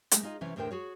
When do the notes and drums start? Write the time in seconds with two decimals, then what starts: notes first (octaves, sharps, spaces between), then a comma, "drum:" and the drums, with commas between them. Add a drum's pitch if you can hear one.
0.11 G#3 A3, drum: hi-hat
0.23 D#4 F4 G#4 D#5
0.41 C3 E3 C#4
0.56 E2 A2 D3 A#4 C5 G5
0.71 F#4 G#4 C#5